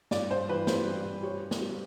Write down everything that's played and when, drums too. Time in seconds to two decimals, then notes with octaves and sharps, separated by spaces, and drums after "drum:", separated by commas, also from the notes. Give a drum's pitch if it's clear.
0.11 G2 D5, drum: snare
0.31 G2 C5
0.49 E3 B4
0.67 G3 C5, drum: snare
0.86 G3
1.04 G2
1.23 G3 C#5
1.42 G3
1.51 drum: snare
1.61 G3